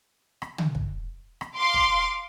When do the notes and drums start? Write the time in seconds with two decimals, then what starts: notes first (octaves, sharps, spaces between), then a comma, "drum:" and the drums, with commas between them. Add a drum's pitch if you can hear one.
0.42 drum: rim click
0.58 drum: tom
0.75 drum: kick
1.41 drum: rim click
1.57 F5 C6 D6
1.74 drum: kick